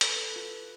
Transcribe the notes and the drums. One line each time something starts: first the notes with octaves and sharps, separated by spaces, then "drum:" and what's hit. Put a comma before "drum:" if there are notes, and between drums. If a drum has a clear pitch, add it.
A4 B4, drum: hi-hat
F4